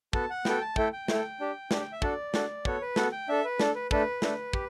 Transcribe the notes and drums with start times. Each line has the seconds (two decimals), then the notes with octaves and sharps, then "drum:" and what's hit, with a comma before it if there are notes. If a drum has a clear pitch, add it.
0.13 B3 F#4 A4 A5, drum: kick
0.30 F#5
0.45 B3 F#4 A4 G5, drum: snare
0.61 A5
0.76 A3 E4 A4 G5, drum: kick
0.93 G5
1.08 A3 E4 A4, drum: snare
1.40 D4 G4
1.71 D4 G4, drum: snare
1.81 G5
1.92 E5
2.02 D4 F#4 A4 D5, drum: kick
2.34 D4 F#4 A4, drum: snare
2.65 B3 F#4 A4 C#5, drum: kick
2.81 B4
2.96 B3 F#4 A4, drum: snare
3.12 G5
3.29 D4 A4 E5
3.45 B4
3.60 D4 A4, drum: snare
3.75 B4
3.91 A3 D4 A4 B4, drum: kick
4.22 A3 D4 A4, drum: snare
4.53 G4, drum: kick